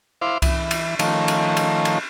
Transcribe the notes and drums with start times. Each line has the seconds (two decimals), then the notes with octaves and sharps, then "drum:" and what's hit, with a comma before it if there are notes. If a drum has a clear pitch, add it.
0.21 E4 C5 F5 D6
0.42 E3, drum: kick C2, cymbal
0.71 drum: cymbal
0.99 D#3 F3 A3 C#4, drum: cymbal
1.28 drum: cymbal
1.57 drum: cymbal
1.85 drum: cymbal